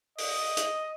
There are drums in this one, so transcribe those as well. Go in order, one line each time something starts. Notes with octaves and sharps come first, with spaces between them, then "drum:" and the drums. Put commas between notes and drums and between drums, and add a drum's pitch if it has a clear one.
D#5, drum: open hi-hat
drum: hi-hat